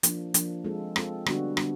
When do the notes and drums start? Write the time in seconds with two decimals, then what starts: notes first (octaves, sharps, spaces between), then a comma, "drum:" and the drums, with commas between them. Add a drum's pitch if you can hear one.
0.03 F3 A#3 D4, drum: hi-hat
0.34 F3 A#3 D4, drum: hi-hat
0.65 G#3 C4 F4 A4
0.96 G#3 C4 F4 A4, drum: rim click
1.26 D3 G3 B3 D4 F#4, drum: rim click
1.57 D3 G3 B3 D4 F#4, drum: rim click